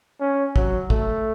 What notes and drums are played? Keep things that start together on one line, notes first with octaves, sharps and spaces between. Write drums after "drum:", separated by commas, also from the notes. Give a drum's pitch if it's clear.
C#4
F#3, drum: kick
A3, drum: kick